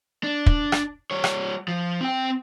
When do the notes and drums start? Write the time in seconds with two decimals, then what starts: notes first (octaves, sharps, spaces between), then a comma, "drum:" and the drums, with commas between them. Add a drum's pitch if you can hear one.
0.23 D4
0.46 drum: kick
0.72 drum: rim click
1.11 G3 C#5
1.24 drum: rim click
1.68 F3
2.01 C4 G5